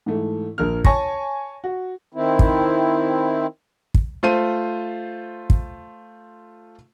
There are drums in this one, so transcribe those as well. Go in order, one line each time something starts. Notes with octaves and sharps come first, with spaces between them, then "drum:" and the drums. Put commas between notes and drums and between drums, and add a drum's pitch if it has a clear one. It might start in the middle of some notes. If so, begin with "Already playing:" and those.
G#2 E3 A3
A#1 A#4 F6
C#5 G#5 A5 C#6 A#6, drum: kick
F#4
D#3 C4 E4
drum: kick
drum: kick
A3 F4 C5 D#7
drum: kick